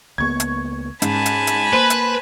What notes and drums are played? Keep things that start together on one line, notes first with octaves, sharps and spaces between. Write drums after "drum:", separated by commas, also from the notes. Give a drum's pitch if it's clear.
C#2 A#3 B3 C#6 G#6
drum: hi-hat
G#2 C#4 G#5 A5 B5, drum: hi-hat
drum: hi-hat
drum: hi-hat
A#3 B4 C5
drum: hi-hat